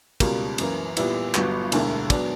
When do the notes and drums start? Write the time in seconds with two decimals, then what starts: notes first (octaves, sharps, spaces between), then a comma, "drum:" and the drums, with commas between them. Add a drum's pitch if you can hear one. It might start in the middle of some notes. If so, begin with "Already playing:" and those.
0.20 C#2 B2 G3 A#3, drum: kick, cymbal
0.58 F#2 E3 A#3, drum: cymbal
0.97 A#2 G3 B3 E4, drum: cymbal
1.34 G1 G2 F#3 B3, drum: clap
1.72 E1 D2 D3 A#3 E4, drum: cymbal
2.10 F#3 B3 D4, drum: kick, cymbal